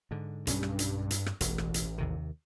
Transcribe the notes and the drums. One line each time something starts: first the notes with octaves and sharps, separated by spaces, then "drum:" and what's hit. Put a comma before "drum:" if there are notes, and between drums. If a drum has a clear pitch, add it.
G#2 D3
B1 G2 C#4, drum: hi-hat
drum: rim click
drum: hi-hat
drum: hi-hat
drum: rim click
E1 A1, drum: hi-hat
drum: rim click
drum: hi-hat
D#2 C3 D#3